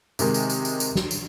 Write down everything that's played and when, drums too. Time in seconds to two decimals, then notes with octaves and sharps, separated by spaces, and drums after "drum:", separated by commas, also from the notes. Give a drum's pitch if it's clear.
0.19 C3 D#3 G#3, drum: tambourine
0.34 drum: tambourine
0.50 drum: tambourine
0.65 drum: tambourine
0.80 drum: tambourine
0.95 drum: snare
1.11 drum: tambourine